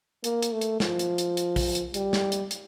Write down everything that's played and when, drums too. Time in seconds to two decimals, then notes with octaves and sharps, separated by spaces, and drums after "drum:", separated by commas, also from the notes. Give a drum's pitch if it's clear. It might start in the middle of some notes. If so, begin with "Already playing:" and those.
0.24 A#3, drum: hi-hat
0.43 drum: hi-hat
0.52 A3
0.61 drum: hi-hat
0.80 F3, drum: snare
0.99 drum: hi-hat
1.18 drum: hi-hat
1.37 drum: hi-hat
1.56 drum: kick, open hi-hat
1.75 drum: hi-hat
1.94 G3, drum: hi-hat
2.13 drum: snare
2.32 drum: hi-hat
2.51 drum: hi-hat